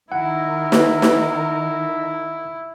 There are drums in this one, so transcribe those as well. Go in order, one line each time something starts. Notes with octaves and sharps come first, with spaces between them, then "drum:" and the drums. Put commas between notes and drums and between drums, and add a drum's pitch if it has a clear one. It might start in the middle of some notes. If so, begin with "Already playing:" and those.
D#3 D#4 E4 A#4 F#5
drum: snare
drum: snare